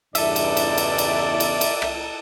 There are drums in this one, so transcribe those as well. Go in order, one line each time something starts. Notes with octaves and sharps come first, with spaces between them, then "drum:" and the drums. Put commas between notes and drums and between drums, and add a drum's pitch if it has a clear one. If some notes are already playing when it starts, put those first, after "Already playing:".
E2 G2 C#3 A4 D5 E5, drum: cymbal
drum: cymbal
drum: cymbal
drum: cymbal
drum: cymbal
drum: cymbal
drum: cymbal
drum: rim click